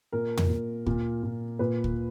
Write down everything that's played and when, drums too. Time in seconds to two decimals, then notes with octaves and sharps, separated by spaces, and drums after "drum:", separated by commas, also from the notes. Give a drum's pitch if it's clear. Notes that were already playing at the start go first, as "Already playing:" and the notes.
0.12 A#2 A#4
0.38 drum: tom
0.50 A#2
0.86 A#2, drum: kick
1.23 A#2
1.59 A#2 B4
1.84 drum: kick